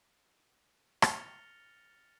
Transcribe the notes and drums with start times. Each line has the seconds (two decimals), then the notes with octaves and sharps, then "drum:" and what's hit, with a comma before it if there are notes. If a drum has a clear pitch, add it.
1.02 F6 A6 A#6 C#7 F7 G7, drum: rim click